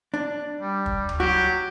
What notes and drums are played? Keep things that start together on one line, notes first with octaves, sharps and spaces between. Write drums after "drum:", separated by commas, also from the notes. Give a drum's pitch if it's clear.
D4
G3
drum: kick
drum: tom D2
F#3 F#4 G4